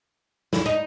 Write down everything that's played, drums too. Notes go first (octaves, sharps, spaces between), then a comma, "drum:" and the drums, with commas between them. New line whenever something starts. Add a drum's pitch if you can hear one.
E4, drum: snare
D#4